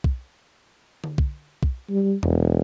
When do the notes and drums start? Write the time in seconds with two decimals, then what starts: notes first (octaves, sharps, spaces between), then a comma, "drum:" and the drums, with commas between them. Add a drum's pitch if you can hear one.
0.04 drum: kick
1.04 drum: tom D3
1.18 drum: kick
1.63 drum: kick
1.90 G3
2.23 E1, drum: tom E2